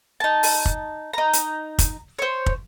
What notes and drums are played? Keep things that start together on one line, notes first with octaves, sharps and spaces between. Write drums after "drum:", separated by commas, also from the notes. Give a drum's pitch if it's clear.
D#4 A5
drum: open hi-hat
drum: kick
D#4 A#5
drum: hi-hat
drum: kick, hi-hat
C5 C#5
drum: kick